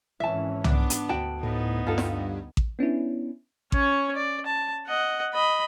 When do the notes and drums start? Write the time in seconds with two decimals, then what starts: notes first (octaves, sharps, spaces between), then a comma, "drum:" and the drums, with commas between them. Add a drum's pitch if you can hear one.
0.20 G#1 E3 C#4 E5 A5
0.64 B3 D4, drum: tom
0.90 drum: hi-hat
1.09 D2 F#4 G5 A5
1.43 A2 B3 D#4
1.87 G2 F4 A4
1.98 drum: snare
2.57 drum: kick A1
2.79 B3 C#4 D4 E4
3.72 C#4 C#5, drum: kick A1
4.16 D5
4.46 A5
4.87 D#5 F#5
5.33 D#5 B5